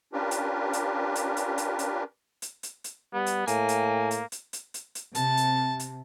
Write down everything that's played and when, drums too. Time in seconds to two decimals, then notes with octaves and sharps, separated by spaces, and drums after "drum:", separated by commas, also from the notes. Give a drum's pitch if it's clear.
0.13 C#4 D4 F4 G4 A#4 B4
0.31 drum: hi-hat
0.73 drum: hi-hat
1.15 drum: hi-hat
1.37 drum: hi-hat
1.58 drum: hi-hat
1.79 drum: hi-hat
2.42 drum: hi-hat
2.63 drum: hi-hat
2.84 drum: hi-hat
3.13 G3 B3
3.26 drum: hi-hat
3.48 A2 A#3 G#5, drum: hi-hat
3.69 drum: hi-hat
4.11 drum: hi-hat
4.32 drum: hi-hat
4.53 drum: hi-hat
4.74 drum: hi-hat
4.95 drum: hi-hat
5.15 C3 A5, drum: hi-hat
5.37 drum: hi-hat
5.80 drum: hi-hat